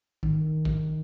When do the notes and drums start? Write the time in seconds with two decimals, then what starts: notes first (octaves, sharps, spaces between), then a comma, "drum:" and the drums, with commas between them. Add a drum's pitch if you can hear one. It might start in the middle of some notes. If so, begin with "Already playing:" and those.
0.23 D#3, drum: kick
0.65 drum: kick